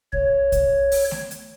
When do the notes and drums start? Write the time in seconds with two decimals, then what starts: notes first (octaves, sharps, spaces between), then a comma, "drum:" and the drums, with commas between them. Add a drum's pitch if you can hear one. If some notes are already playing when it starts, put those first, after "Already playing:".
0.13 C#5, drum: kick
0.52 drum: kick, hi-hat
0.92 drum: open hi-hat
1.11 drum: snare A3
1.31 drum: hi-hat